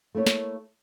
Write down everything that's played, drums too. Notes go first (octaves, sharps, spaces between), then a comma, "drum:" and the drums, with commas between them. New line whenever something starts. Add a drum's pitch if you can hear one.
A3 A#3 E4 C#5
drum: snare